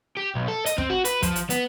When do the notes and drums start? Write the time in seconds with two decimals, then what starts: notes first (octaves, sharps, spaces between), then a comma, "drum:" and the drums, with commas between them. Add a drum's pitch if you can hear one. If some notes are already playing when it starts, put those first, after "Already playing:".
0.17 G4
0.35 B1
0.48 A4
0.66 D#5, drum: hi-hat
0.78 C4, drum: kick
0.90 F#4
1.05 B4, drum: hi-hat
1.23 F3, drum: kick, hi-hat
1.36 drum: hi-hat
1.50 B3, drum: hi-hat